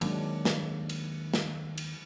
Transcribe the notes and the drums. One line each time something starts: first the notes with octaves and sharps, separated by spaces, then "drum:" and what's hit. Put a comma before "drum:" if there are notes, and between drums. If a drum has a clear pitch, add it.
D#2 F#3 G#3 D4, drum: cymbal
drum: snare
drum: cymbal
drum: snare
drum: cymbal